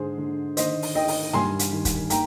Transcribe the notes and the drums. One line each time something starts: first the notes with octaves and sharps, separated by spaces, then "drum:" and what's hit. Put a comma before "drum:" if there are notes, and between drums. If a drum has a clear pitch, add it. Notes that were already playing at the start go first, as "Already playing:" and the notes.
Already playing: G#2 D3 G#4 C5
D3
D#3 C5 D#5, drum: hi-hat
drum: open hi-hat
D#3 D#5 G5
drum: open hi-hat
G2 G#5 C6, drum: snare
drum: hi-hat
D#3
drum: kick, hi-hat
D#3 G5 A#5, drum: hi-hat